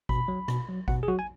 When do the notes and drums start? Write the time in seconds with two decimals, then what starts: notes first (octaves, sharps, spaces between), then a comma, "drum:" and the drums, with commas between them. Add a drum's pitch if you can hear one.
0.09 B2 B5, drum: kick G#1
0.28 F#3
0.48 B2, drum: rim click
0.69 F#3
0.88 B2 F#5, drum: kick G#1
1.03 G#4
1.08 F#3 F#4
1.19 G#5